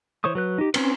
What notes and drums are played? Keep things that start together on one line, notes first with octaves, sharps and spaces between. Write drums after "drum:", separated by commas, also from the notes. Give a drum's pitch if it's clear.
E3 C5 C#5 C#6 D#6
F#3 B4 F#6
D#4 G4
C4 C#4 B4, drum: cymbal